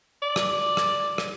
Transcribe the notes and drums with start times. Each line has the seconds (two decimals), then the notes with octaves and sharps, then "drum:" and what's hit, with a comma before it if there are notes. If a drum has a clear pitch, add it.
0.22 D5
0.36 drum: rim click
0.77 drum: rim click
1.18 drum: rim click